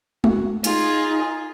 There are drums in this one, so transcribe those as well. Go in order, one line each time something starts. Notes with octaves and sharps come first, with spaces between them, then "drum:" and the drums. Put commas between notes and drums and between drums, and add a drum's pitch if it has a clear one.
F#4, drum: tom G#3
D#4 F4 G#4, drum: hi-hat